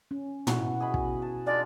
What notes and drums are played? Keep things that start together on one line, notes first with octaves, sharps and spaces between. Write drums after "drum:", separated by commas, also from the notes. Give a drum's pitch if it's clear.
C#4
B2 E4 F#4, drum: tom
G#4 D#5 B5
drum: kick
A5
G#3 D4 F4 D5